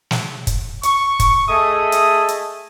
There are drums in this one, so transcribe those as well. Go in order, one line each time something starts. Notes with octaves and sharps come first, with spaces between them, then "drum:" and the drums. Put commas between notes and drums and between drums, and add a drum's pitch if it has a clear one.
drum: snare
drum: kick, hi-hat
C#6, drum: hi-hat
drum: kick, hi-hat
A3 G#4 A4 D#5 E5 D#6
drum: hi-hat
drum: hi-hat